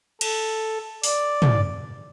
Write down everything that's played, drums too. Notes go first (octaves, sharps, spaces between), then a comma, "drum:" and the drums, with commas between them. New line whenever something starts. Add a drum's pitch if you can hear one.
A4, drum: cymbal
D5, drum: open hi-hat
drum: tom